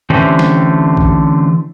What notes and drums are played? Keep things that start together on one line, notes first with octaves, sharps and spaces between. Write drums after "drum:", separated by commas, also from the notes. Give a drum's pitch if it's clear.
D3 E3 A3 C4 C#4 G4
drum: snare
drum: kick A#1